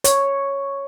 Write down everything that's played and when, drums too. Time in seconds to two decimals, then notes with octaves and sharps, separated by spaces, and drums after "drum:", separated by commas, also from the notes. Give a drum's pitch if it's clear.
0.04 C#5, drum: hi-hat